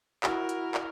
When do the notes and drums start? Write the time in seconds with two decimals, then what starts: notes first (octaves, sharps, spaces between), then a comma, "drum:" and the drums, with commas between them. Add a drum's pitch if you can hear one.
0.24 E4 F#4 A#4, drum: clap
0.49 drum: hi-hat
0.75 drum: clap